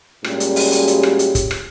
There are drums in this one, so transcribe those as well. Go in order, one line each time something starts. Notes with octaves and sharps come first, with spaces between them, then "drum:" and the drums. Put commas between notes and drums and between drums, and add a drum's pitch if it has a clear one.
A#2 G3 G#3 C#4 F#4 G4, drum: rim click
drum: hi-hat
drum: open hi-hat
drum: hi-hat
drum: hi-hat
drum: rim click
drum: hi-hat
drum: kick, hi-hat
drum: rim click